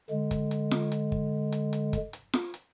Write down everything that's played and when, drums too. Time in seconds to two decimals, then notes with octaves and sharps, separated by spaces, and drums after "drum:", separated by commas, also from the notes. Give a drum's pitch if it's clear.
0.11 D3 G#3
0.31 drum: kick, hi-hat
0.51 drum: hi-hat
0.71 drum: snare F4
0.92 drum: hi-hat
1.12 drum: kick
1.52 drum: hi-hat
1.73 drum: hi-hat
1.93 drum: kick, hi-hat
2.13 drum: hi-hat
2.33 drum: snare F4
2.54 drum: hi-hat